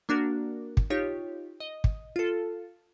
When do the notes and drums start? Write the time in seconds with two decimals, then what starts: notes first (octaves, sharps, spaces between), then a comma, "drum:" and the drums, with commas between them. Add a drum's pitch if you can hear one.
0.09 A#3 D4 F#4 A#4
0.77 drum: kick
0.90 D#4 F4 G4 C#5
1.60 D#5
1.84 drum: kick
2.16 F4 A4